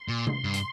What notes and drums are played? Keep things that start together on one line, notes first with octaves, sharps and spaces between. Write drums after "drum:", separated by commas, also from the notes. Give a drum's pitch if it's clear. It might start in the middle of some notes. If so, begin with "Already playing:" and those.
Already playing: C6
A#2
drum: tom C3
G2
drum: hi-hat